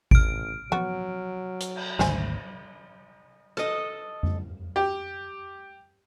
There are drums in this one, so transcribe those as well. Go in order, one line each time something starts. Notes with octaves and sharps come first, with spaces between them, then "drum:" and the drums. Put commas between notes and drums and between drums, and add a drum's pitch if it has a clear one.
A1 F6 D7, drum: kick G#1
F#3 B3 F#4, drum: tom F3
drum: hi-hat
drum: cymbal
G#1 D2 C5 E5 G#5, drum: snare
A4 D#5, drum: rim click
drum: tom F2
G4